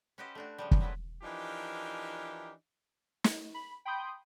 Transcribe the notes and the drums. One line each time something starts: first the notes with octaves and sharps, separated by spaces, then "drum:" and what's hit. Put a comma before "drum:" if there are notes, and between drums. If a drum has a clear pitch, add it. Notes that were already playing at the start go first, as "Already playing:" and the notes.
C#4 F#4 G4 B4 C5 D#5
A3 D4 F#4
C#3 F3 G3
drum: kick
F#3 A#3 E4 F4 B4
E3 F3 D4 D#4 G4 A#4
drum: snare
B5
G5 B5 C6 D#6 G6